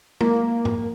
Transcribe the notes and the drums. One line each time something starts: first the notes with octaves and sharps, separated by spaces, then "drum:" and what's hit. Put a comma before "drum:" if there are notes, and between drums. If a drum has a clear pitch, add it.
A#3, drum: tom
drum: tom G#2